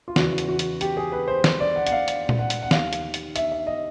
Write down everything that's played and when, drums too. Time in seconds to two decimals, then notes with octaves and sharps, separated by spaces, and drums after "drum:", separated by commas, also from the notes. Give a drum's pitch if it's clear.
0.08 F4
0.16 E2 C#3 E3 F#4, drum: snare
0.38 drum: hi-hat
0.48 F#4
0.59 drum: hi-hat
0.81 G4, drum: hi-hat
0.97 G#4
1.12 B4
1.28 C5
1.44 drum: snare
1.60 D5
1.76 F#5
1.87 F#5, drum: hi-hat
1.92 F5
2.08 drum: hi-hat
2.29 drum: tom A#2
2.39 F#5
2.50 drum: hi-hat
2.63 F#5
2.71 D#2 D#3 F5, drum: snare
2.93 drum: hi-hat
3.14 drum: hi-hat
3.36 E5, drum: hi-hat
3.52 E5
3.67 D#5